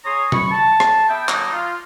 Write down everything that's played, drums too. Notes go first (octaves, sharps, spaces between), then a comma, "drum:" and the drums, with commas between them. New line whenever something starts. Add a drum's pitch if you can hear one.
G#4 C#5 A#5 C6 D#6
B5 C#6, drum: tom
A5
drum: rim click
B3 E5 G5
D3 F#3 A#3 D#4, drum: clap
F4